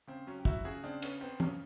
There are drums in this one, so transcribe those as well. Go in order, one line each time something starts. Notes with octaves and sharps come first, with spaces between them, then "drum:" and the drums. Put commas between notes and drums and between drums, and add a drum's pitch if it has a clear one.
C#3 C4
F#3 C#4
G4
F#3 E4 F#4, drum: kick
C#3 F#4 G#4
C#3 C4 D4
B3 C#4, drum: cymbal
B3 C4
C#3 C#4, drum: tom